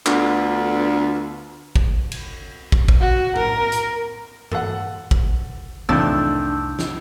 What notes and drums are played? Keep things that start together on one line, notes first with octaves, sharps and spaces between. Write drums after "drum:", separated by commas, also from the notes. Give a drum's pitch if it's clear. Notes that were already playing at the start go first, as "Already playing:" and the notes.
D2 D3 B3 F4, drum: clap
drum: kick
drum: cymbal
drum: kick
drum: kick
F#4
A#4, drum: tom
drum: hi-hat
A4 F#5, drum: tom G2
drum: kick
C2 F2 A2 D#3 E3 D4 E6 G6
drum: snare